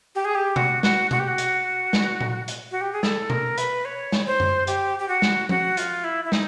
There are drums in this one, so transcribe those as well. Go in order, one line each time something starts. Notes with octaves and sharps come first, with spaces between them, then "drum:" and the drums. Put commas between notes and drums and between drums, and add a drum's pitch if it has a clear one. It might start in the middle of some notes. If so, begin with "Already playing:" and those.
G4
G#4
G4
F#4, drum: tom B2
F#4, drum: snare
F#4, drum: tom B2
G4
F#4
drum: hi-hat
drum: snare
drum: tom A#2
drum: hi-hat
F#4
G4
G#4
A4, drum: snare
A#4, drum: tom B2
B4, drum: hi-hat
C#5
drum: snare
C5
drum: tom F#2
G4, drum: hi-hat
G4
F#4
drum: snare
F#4, drum: tom F3
F4, drum: hi-hat
E4
E4
D#4, drum: snare